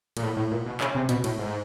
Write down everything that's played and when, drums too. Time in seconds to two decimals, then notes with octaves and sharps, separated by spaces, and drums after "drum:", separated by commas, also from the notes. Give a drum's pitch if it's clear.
0.17 A#2, drum: cymbal
0.23 A2
0.37 A2
0.52 A#2
0.66 B2
0.81 C#3, drum: clap
0.95 C3
1.09 B2, drum: hi-hat
1.24 A2, drum: cymbal
1.39 G#2